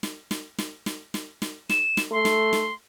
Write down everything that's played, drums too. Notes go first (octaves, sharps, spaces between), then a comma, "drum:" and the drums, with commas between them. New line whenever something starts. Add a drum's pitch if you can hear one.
drum: snare
drum: snare
drum: snare
drum: snare
drum: snare
drum: snare
E7, drum: snare
drum: snare
A3 C6
drum: snare
drum: snare